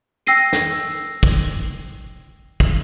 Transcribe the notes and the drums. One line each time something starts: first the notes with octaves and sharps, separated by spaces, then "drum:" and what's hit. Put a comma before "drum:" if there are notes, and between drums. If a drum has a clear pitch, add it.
G5 E6 A#6 C7 D#7, drum: hi-hat
drum: snare
drum: kick
drum: kick